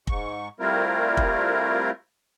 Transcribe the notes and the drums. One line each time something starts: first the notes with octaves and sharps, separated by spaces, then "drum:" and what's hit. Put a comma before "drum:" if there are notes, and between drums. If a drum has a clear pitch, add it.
G#2 C#6, drum: kick
G3 A3 C4 E4 F4 A#4
drum: kick